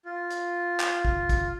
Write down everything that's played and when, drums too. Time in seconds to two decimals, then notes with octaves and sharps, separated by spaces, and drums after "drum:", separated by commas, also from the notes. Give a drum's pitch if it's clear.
0.05 F4
0.30 drum: hi-hat
0.80 drum: clap
1.05 drum: kick
1.29 drum: kick, hi-hat